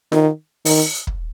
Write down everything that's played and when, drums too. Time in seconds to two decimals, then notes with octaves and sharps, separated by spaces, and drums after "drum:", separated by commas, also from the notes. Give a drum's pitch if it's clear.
0.12 D#3, drum: snare F4
0.65 D#3, drum: open hi-hat
1.07 drum: kick